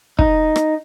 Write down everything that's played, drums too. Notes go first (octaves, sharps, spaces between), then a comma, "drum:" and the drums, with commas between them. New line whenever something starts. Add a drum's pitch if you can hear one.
D#4, drum: kick
drum: rim click